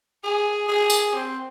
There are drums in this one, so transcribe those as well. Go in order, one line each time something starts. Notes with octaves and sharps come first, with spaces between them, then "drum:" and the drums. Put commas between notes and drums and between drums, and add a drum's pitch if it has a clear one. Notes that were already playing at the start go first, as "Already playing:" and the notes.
G#4 G#5
G#4 G#5
drum: tambourine
C4